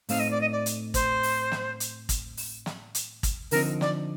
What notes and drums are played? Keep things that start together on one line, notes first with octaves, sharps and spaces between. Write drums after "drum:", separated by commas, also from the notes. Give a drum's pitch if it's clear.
A2 A3 C4 D#4 F5, drum: open hi-hat
D#5
D5
D#5
D5
drum: hi-hat
C5, drum: kick G#1, hi-hat
drum: open hi-hat
drum: snare
drum: hi-hat
drum: kick G#1, hi-hat
drum: open hi-hat
drum: snare
drum: hi-hat
drum: kick G#1, hi-hat
D3 F3 C4 D#4 A#4, drum: open hi-hat
D5, drum: snare